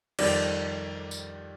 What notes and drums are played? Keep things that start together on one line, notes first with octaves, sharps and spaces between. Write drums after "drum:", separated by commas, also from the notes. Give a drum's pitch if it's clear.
F2 D#3 G3 D5, drum: cymbal
drum: tambourine